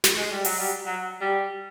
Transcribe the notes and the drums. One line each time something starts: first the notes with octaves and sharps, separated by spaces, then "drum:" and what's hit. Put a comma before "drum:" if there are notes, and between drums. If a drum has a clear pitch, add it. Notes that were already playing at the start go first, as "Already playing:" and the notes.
drum: snare
G#3
G3
F#3, drum: open hi-hat
G3
F#3
G3